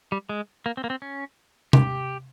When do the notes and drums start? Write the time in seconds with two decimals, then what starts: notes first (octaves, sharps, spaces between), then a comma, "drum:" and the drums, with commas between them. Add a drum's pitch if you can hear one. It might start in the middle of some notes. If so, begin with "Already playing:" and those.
0.12 G3
0.29 G#3
0.66 A#3
0.77 C4
0.84 A#3
0.90 C4
1.02 C#4
1.73 G4, drum: tom C3